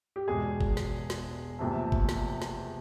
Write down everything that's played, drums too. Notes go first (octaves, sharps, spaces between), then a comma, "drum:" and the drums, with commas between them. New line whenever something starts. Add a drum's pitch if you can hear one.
G4
E1 E2 B2 G#3 G#4
drum: kick F#1
drum: snare
drum: snare
F#1 E2 C3 F3 A3
drum: kick F#1
drum: snare
drum: snare